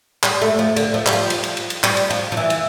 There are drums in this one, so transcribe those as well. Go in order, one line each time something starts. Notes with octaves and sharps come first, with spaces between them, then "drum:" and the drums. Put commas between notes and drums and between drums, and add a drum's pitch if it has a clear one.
G3, drum: clap
A3
F3
D3, drum: cymbal
F3
G3, drum: clap
F3
drum: cymbal
drum: cymbal
drum: cymbal
drum: cymbal
G3, drum: clap
drum: cymbal
F3, drum: cymbal
F3
E3
drum: cymbal